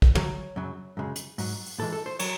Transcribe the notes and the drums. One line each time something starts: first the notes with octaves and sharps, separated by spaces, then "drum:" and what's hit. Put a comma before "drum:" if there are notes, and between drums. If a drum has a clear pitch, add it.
drum: kick
F#2 C#3 F#3 C#5, drum: tom
F#2 C#3 F#3
F#2 C#3 G#3
drum: hi-hat
G#2 F#3, drum: open hi-hat
drum: open hi-hat
A2 E3 G#3 A4
A4
C5
F#3 C#5, drum: cymbal